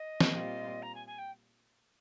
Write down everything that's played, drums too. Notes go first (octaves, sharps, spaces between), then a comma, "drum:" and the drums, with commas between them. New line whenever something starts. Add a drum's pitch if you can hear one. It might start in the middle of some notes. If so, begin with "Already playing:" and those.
Already playing: D#5
drum: snare
A#2 G3 C4 F4
A#5
G#5
G#5
G5